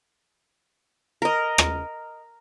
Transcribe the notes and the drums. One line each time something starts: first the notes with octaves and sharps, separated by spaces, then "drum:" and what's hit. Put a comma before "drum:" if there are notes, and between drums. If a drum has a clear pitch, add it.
A#4 D#5
drum: rim click